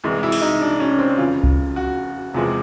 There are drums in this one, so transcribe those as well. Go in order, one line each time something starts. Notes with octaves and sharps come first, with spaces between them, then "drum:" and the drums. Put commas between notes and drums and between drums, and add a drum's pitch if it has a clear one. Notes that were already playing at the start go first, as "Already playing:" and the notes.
C2 C3 E3 G#3
E4
drum: open hi-hat
D#4
D4
C#4
C4
F1 E2 C#3 F3 F4
drum: kick C2
F#4
E1 E2 C3 F3 G#3